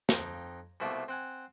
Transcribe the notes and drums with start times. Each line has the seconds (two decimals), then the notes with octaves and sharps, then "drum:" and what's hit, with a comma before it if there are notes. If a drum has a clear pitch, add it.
0.09 F2 D#4 G5, drum: snare
0.80 C2 B2 F3 A3 A5 D6
1.08 C4 F#5 G#5